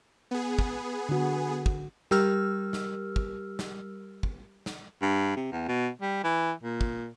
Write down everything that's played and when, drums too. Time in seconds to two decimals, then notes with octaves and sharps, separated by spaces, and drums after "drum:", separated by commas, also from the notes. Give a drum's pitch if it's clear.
0.31 B3 G#4
0.59 drum: kick
1.09 D3 F#4
1.66 drum: kick
2.11 G3 G4 A#4 E6 F6, drum: snare
2.73 drum: snare
3.16 drum: kick
3.59 drum: snare
4.23 drum: kick
4.66 drum: snare
5.02 G2
5.36 C3
5.52 E2
5.68 B2
6.02 G3
6.24 E3
6.64 A#2
6.81 drum: kick